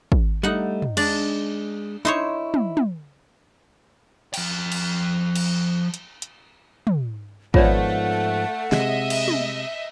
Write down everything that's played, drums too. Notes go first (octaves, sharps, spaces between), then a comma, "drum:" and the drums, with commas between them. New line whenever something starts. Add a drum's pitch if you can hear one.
drum: kick
G3 A3 D#4 F#5
drum: tom
G#3 D4 D5, drum: cymbal
D#4 E4 C5 C#5
drum: tom
drum: tom
F3 G5, drum: cymbal
drum: cymbal
drum: cymbal
drum: hi-hat
drum: hi-hat
drum: tom
G#2 F3 A3 B3 F4 C#5 D5 F#5, drum: kick
C3 G#3 D#5 E5, drum: snare
drum: cymbal
drum: tom